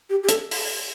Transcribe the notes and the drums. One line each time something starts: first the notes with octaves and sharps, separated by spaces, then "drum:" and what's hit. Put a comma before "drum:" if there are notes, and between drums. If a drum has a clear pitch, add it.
G4
G4
A4, drum: hi-hat
drum: open hi-hat